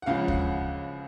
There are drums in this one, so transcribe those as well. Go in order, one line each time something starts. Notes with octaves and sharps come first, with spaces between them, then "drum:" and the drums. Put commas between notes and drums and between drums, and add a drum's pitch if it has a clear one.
F#5
C#2 C#3 F3 F5
F#5, drum: kick